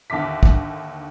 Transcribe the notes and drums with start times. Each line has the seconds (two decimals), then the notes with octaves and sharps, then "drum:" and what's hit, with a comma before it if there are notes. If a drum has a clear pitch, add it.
0.10 D#2 D3 E5 D6 B6
0.43 drum: kick